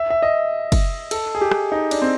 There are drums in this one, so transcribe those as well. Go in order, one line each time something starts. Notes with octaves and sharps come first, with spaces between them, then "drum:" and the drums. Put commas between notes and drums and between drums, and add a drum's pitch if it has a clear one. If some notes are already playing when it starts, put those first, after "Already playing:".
Already playing: E5
E5
D#5
drum: kick F#1, cymbal
A4, drum: cymbal
G#4
G4
drum: rim click
D#4
D4, drum: cymbal
C4